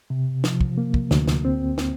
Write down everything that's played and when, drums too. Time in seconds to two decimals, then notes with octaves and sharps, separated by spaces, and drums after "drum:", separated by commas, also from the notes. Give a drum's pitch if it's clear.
0.10 C3
0.44 F3, drum: snare
0.61 drum: kick
0.78 A#3
0.94 drum: kick
1.11 D2, drum: snare
1.28 drum: snare
1.45 C4
1.78 drum: snare